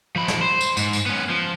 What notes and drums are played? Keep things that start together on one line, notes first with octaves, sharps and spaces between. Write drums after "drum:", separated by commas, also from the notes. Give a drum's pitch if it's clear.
F3 B5
drum: snare
C5
drum: tambourine
G#2, drum: tambourine
drum: tambourine
B3 C#4
F3